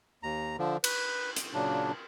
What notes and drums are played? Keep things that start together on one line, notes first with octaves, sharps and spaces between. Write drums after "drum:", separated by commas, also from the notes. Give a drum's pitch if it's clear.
D#2 A#5
D3 F3
B4, drum: cymbal
drum: hi-hat
A#2 C#3 F#3 D4